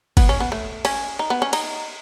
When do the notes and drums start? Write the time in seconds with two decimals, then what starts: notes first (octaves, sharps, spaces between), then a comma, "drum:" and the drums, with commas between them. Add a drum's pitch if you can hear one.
0.17 B3, drum: kick, cymbal
0.29 C#4
0.40 B3
0.52 A3
0.85 C#4, drum: cymbal
1.19 D#4
1.30 B3
1.42 C#4
1.53 D#4, drum: cymbal